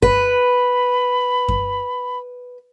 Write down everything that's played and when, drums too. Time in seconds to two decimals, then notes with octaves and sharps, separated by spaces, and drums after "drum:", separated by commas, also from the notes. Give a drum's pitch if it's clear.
0.02 B4 B5, drum: kick F#2
1.48 drum: kick F#2